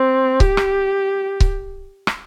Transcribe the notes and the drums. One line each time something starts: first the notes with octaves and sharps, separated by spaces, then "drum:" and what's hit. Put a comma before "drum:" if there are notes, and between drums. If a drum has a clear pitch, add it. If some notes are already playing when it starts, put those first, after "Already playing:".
Already playing: C4
G4, drum: kick C#1
drum: rim click
drum: kick C#1
drum: rim click